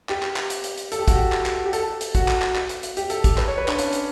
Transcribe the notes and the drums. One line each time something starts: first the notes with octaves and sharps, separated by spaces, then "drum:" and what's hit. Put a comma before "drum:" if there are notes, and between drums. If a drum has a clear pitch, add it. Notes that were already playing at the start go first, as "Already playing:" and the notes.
G4, drum: clap
drum: clap
drum: clap
drum: hi-hat
drum: hi-hat
drum: hi-hat
A4, drum: hi-hat
G4
F#4, drum: kick, hi-hat
G4
drum: clap
drum: clap
G4
A4, drum: hi-hat
drum: hi-hat
F#4, drum: kick, hi-hat
drum: clap
drum: clap
drum: clap
drum: hi-hat
drum: hi-hat
G4, drum: hi-hat
A4, drum: hi-hat
G4, drum: kick, hi-hat
B4, drum: clap
C#5
B4
D4, drum: clap
C#4, drum: hi-hat
drum: hi-hat